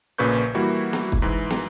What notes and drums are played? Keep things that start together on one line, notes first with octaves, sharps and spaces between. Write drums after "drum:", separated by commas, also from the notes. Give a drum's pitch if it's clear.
A#1 A#2 C#3 B4 C#6 G6
E3 G3 A#3 E4 F#4
drum: snare
drum: kick
G#2 E3
drum: snare